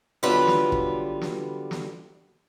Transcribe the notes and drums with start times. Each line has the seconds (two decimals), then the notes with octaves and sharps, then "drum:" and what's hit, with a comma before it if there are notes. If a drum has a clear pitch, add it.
0.23 D3 F#3 G3 B3 F4 B4
0.47 drum: snare
0.72 drum: kick
1.21 drum: snare
1.71 drum: snare